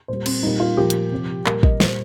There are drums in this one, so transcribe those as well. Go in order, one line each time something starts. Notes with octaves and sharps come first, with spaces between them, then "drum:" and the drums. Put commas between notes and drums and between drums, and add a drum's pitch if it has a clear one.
A#2 G3 C5
C4, drum: cymbal
A#2 G3 D#4
F4
A#2 F3 G4
drum: hi-hat
C3 F3
A#2 G3 A#4, drum: clap
D#5, drum: kick
A#2 G3 C5, drum: snare